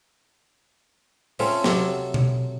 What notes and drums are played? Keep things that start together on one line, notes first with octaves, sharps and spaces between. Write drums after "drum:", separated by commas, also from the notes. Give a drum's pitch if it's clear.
A3 C4 C#4 F4, drum: open hi-hat
C3 F#3 A4, drum: snare
drum: tom B2